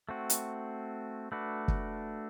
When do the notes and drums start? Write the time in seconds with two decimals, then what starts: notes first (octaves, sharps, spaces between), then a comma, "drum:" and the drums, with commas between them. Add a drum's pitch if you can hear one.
0.09 A3 C4 F#4
0.30 drum: hi-hat
1.32 A3 D4 F#4 B4
1.68 drum: kick